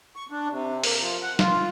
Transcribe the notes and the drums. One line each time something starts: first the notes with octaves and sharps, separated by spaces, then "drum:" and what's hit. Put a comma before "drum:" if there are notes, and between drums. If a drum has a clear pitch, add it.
C#6
D4
C3
A#3, drum: open hi-hat
F3
F#5
F4, drum: snare